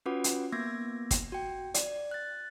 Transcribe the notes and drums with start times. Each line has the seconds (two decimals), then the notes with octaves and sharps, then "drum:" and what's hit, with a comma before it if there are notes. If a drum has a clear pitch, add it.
0.06 C#4 F4 F#4 B4 F#5 D6
0.24 drum: hi-hat
0.52 A#3 B3 D6 G#6 A#6
1.11 drum: kick, hi-hat
1.32 F#4 G5
1.74 D5, drum: hi-hat
2.11 F#6 A6